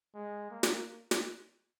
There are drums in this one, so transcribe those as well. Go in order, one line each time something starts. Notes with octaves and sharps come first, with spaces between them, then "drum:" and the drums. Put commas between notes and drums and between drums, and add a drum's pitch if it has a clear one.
G#3
A#3
drum: snare
drum: snare